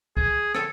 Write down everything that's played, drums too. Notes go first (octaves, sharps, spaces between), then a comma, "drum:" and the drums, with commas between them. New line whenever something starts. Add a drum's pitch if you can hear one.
G#4, drum: kick C2
A4, drum: rim click